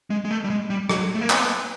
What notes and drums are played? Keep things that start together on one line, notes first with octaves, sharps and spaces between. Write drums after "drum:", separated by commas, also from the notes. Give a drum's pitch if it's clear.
G#3
G#3
A3
G3
G#3
G3
F#3, drum: rim click
A3
A#3
B3, drum: clap